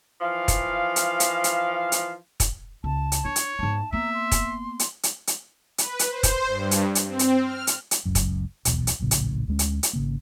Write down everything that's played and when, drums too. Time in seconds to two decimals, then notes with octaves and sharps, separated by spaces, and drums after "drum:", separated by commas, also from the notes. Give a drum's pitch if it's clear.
0.21 E3 F3 F5
0.48 drum: kick, hi-hat
0.96 drum: hi-hat
1.20 drum: hi-hat
1.44 drum: hi-hat
1.92 drum: hi-hat
2.40 drum: kick, hi-hat
2.84 C#2 A5
3.12 drum: hi-hat
3.25 D4 C#5
3.36 drum: hi-hat
3.59 G#2 B3 A5
3.92 A#3 B3 E5 A#5
4.13 C6
4.32 drum: kick, hi-hat
4.79 drum: hi-hat
5.03 drum: hi-hat
5.27 drum: hi-hat
5.78 B4, drum: hi-hat
5.99 drum: hi-hat
6.09 C5
6.23 drum: kick, hi-hat
6.47 G2
6.71 drum: hi-hat
6.95 drum: hi-hat
7.06 C4
7.19 drum: hi-hat
7.43 F6
7.67 drum: hi-hat
7.91 drum: hi-hat
8.06 F#1 C#2 F#2
8.15 drum: kick, hi-hat
8.65 D#1 B1 E2 B2, drum: hi-hat
8.87 drum: hi-hat
8.99 D1 A#1 A2 C#3
9.11 drum: hi-hat
9.48 D2 G#3 C#4
9.59 drum: hi-hat
9.83 drum: hi-hat
9.93 G#1 C#3 A#3